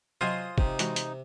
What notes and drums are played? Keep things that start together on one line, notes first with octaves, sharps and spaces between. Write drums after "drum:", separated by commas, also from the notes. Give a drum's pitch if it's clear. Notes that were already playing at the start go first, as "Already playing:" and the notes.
C3 F#3 F4 C5 D#5 G#5
C3 D#4 G4, drum: kick
E3 G#3 F#4, drum: hi-hat
drum: hi-hat